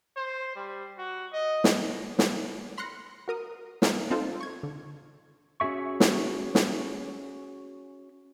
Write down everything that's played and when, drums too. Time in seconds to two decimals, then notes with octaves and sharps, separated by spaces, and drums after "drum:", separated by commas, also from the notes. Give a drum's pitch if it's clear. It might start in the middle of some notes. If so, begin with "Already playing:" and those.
0.16 C5
0.55 G3
0.98 F#4
1.33 D#5
1.64 drum: snare
2.19 drum: snare
2.78 B5 C6 F6 F#6 A#6 C#7
3.28 F#4 A#4 D#6
3.82 D#4 F4 A#4 E5, drum: snare
4.10 C4 D#4 F4 A4 C5
4.41 C#6 G#6
4.63 D3
5.60 C#4 F#4 G#4 E5 C#6
6.00 drum: snare
6.55 drum: snare